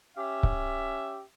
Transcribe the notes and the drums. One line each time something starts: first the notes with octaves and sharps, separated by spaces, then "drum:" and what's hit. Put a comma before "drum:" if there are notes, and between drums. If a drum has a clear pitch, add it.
C#4 G4 E5
drum: kick C#1